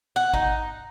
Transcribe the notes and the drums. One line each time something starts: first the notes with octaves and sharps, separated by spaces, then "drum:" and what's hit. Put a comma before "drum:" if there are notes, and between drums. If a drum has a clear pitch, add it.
F#5
D#4, drum: kick G#1